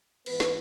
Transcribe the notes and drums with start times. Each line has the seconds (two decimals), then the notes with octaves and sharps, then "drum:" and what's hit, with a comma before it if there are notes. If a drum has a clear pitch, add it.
0.26 G#2 E3 B3 B4, drum: cymbal
0.40 drum: snare